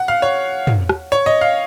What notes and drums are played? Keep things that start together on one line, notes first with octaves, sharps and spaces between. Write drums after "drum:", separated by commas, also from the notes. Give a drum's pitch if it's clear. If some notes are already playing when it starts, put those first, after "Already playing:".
Already playing: F#5
F5
C#5
drum: tom
drum: rim click
C#5
D#5
F5